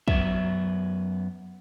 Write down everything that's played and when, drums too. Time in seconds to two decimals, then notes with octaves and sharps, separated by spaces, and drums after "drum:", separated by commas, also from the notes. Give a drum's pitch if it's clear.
0.08 F#2 F#3 B3 E5, drum: kick